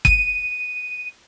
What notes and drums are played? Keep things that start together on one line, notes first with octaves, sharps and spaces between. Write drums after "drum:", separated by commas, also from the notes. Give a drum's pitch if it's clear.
D#7, drum: kick